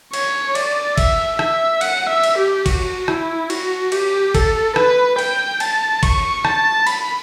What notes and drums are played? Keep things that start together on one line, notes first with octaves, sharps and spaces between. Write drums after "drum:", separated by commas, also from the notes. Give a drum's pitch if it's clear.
C#5, drum: cymbal
D5, drum: cymbal
E5, drum: kick, cymbal
E5, drum: rim click
F#5, drum: cymbal
E5
drum: cymbal
G4
F#4, drum: kick, cymbal
E4, drum: rim click
F#4, drum: cymbal
G4, drum: cymbal
A4, drum: kick, cymbal
B4, drum: rim click
G5, drum: cymbal
A5, drum: cymbal
C#6, drum: kick, cymbal
A5, drum: rim click
B5, drum: cymbal